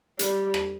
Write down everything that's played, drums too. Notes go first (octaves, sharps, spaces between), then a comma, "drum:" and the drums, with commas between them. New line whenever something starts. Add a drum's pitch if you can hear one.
G3, drum: hi-hat
drum: rim click